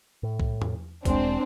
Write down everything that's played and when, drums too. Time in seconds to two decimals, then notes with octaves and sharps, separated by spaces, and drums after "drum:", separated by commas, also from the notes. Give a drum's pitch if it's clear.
0.23 A2
0.40 drum: kick B1
0.62 drum: tom E2
1.05 E1 G#3 C4 D4, drum: kick B1, hi-hat